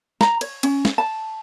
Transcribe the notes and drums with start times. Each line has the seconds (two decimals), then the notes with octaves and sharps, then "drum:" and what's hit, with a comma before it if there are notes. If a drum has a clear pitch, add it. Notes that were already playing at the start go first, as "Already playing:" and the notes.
0.21 A#5, drum: snare
0.41 C#5, drum: cymbal
0.63 C#4, drum: cymbal
0.85 drum: snare
0.98 A5